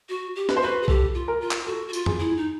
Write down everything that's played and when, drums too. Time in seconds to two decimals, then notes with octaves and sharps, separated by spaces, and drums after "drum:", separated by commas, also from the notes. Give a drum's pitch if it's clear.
0.09 F#4
0.36 G4
0.49 B4, drum: snare
0.57 C5
0.62 F#4 B4
0.82 G#4
0.88 G4 A4, drum: kick B1
1.14 F4
1.28 A#4
1.41 F4
1.51 drum: clap
1.67 F#4 A4
1.88 F#4
1.93 F4, drum: tambourine
2.06 G#4, drum: tom F2
2.19 E4
2.37 D#4